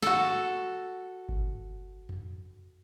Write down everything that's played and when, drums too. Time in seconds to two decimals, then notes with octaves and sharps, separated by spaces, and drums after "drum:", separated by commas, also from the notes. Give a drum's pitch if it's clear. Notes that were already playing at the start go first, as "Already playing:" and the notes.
0.03 F#4 A4, drum: snare
1.29 drum: kick G1
2.09 drum: tom F2